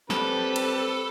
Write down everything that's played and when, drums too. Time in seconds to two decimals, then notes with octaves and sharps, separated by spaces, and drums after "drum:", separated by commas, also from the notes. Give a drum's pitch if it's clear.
0.10 G3 C4 A4 B4, drum: snare
0.56 drum: cymbal